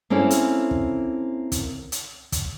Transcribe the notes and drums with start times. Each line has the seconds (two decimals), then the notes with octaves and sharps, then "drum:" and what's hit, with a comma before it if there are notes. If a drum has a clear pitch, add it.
0.10 A#3 C4 C#4 E4 A4
0.31 drum: hi-hat
0.71 drum: kick
1.52 drum: kick, hi-hat
1.92 drum: hi-hat
2.32 drum: kick, hi-hat